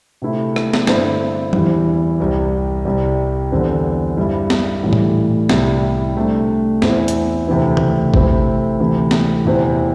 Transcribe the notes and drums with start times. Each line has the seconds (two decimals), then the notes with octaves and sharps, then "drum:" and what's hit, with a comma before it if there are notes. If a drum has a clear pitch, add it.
0.22 C3 A3 E4
0.56 drum: rim click
0.74 drum: snare
0.87 G2 D3 C4 E4, drum: snare
1.53 E2 E3 G3 E4, drum: tom
2.20 C2 C3 G3
2.85 C2 C3 G3
3.52 E2 D3 G3 C4
4.17 G2 G3 E4
4.50 drum: snare
4.83 A2 E3 G3
4.93 drum: tom A#2
5.49 C2 C3 G3 E4, drum: snare
6.16 C3 A3 D4
6.82 E2 E3 C4 E4, drum: snare
7.08 drum: hi-hat
7.48 D2 C3 E3 C4 E4
7.77 drum: tom C#3
8.14 C3 A3 C4 E4, drum: kick G#1
8.80 D2 C3 E3 C4 E4
9.11 drum: snare
9.45 E2 C3 E3 C4